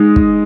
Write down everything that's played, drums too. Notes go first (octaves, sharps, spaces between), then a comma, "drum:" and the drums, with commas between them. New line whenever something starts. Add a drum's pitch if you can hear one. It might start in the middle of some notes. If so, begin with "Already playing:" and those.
Already playing: G#3 D#4
drum: kick